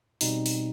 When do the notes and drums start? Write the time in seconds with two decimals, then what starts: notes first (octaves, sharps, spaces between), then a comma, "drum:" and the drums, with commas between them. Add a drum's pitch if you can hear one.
0.21 B2 G3 C4 D#4, drum: open hi-hat
0.46 drum: open hi-hat